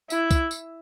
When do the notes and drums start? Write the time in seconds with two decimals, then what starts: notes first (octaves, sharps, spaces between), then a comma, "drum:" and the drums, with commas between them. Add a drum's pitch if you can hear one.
0.10 E4, drum: tambourine
0.31 drum: kick, tambourine
0.51 drum: tambourine